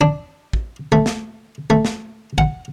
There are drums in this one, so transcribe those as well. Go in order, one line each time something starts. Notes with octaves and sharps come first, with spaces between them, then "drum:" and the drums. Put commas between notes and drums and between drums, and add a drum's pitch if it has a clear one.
D4
drum: kick
A3
drum: snare
A3
drum: snare
F#5, drum: kick